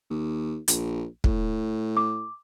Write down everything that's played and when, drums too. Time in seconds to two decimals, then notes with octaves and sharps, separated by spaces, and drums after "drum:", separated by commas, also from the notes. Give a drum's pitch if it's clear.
0.10 D#2
0.68 A#1, drum: hi-hat
1.24 A2, drum: kick
1.97 D6